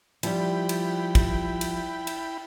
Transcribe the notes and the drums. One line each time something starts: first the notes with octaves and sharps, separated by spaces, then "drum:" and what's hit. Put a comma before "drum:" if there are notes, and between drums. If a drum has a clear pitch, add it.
F3 G3 E4 G5 B5, drum: cymbal
drum: cymbal
drum: kick, cymbal
drum: cymbal
drum: cymbal